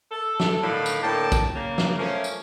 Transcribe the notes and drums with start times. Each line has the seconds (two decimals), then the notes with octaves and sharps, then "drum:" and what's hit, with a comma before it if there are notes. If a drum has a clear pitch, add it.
0.12 A4
0.40 drum: snare
0.63 A2 D3 D#3 D4 F5 B5
0.86 drum: tambourine
1.02 A2 D3 A#3 G5 A5
1.32 drum: kick, tambourine
1.56 C#3 A#3
1.78 drum: snare
1.99 F3 A3 A#3 C#4
2.24 drum: tambourine